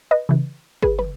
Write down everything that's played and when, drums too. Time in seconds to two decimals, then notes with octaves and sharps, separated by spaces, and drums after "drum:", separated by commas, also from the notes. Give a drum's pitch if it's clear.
0.11 B4 D#5
0.29 C#3 E3
0.82 G#4 B4, drum: kick G1
0.99 B4, drum: tom